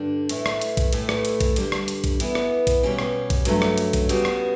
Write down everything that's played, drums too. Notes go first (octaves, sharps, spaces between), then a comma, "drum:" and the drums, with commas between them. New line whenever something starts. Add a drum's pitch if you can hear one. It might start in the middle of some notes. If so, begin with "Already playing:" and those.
Already playing: G2 D3 G3 D4
A2 E3 A3 E4, drum: hi-hat
drum: rim click
drum: hi-hat
drum: kick A#1, hi-hat
A2 E3 A3 E4 A4, drum: hi-hat
drum: rim click
drum: hi-hat
drum: kick A#1, hi-hat
G2 D3 G3 D4 G4, drum: hi-hat
drum: rim click
drum: hi-hat
drum: kick A#1, hi-hat
E3 B3 E4, drum: hi-hat
drum: rim click
drum: kick A#1, hi-hat
B2 G3 C#4 G4
drum: rim click
drum: kick A#1, hi-hat
G2 F#3 A3 C#4, drum: hi-hat
drum: rim click
drum: hi-hat
drum: kick A#1, hi-hat
C#3 G3 B3 F#4, drum: hi-hat
drum: rim click